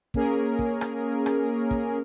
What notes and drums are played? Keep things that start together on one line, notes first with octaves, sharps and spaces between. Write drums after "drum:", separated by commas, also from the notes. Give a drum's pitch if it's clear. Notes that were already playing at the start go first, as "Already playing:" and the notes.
A#3 C#4 G#4 A#4, drum: kick
drum: kick
drum: rim click
drum: rim click
drum: kick